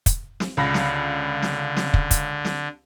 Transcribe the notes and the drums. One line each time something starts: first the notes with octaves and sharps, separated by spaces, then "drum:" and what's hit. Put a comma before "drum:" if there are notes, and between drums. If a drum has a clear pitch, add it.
drum: kick, hi-hat
drum: snare
C#2 D3 B5 A#6
drum: snare
drum: snare
drum: snare
drum: kick
drum: kick, hi-hat
drum: snare